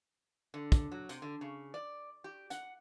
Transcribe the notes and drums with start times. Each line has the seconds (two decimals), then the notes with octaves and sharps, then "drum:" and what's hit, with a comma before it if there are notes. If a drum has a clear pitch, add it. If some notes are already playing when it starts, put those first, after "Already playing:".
0.54 D3
0.72 drum: kick, hi-hat
0.92 F#3
1.09 C3, drum: hi-hat
1.22 D3
1.41 C#3
1.74 D5
2.24 G4
2.50 F#5, drum: hi-hat